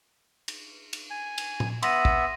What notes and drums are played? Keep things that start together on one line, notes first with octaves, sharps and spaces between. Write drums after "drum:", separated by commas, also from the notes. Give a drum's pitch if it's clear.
drum: cymbal
drum: cymbal
G#5
drum: cymbal
drum: tom A#2
B3 E5 C6 A#6 D#7, drum: cymbal
drum: kick